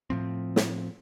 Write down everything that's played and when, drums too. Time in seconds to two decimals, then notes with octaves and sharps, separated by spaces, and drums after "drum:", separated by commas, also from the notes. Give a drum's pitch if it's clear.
0.10 A2 F3 C4
0.56 drum: snare